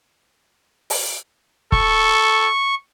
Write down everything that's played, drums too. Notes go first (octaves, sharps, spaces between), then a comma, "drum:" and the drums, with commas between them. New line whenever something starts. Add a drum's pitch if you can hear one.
drum: open hi-hat
A4 C#6, drum: kick